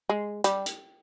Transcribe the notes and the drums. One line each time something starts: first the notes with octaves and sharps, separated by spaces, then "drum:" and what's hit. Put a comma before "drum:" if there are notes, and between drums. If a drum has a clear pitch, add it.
G#3
G3, drum: hi-hat
drum: hi-hat